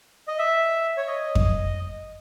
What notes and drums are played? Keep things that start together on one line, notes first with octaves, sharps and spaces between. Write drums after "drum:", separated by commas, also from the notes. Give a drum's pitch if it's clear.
D#5
E5
C#5
D#5
drum: kick F2